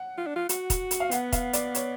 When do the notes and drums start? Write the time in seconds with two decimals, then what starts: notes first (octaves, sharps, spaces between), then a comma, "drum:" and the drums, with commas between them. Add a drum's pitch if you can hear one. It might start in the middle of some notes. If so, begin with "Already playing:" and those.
Already playing: F#5
0.18 F4
0.27 D4
0.36 F4
0.49 F#4, drum: hi-hat
0.70 drum: kick, hi-hat
0.91 drum: hi-hat
1.00 F5
1.11 B3 F#5, drum: hi-hat
1.32 F5, drum: kick, hi-hat
1.53 D5, drum: hi-hat
1.75 C#5, drum: hi-hat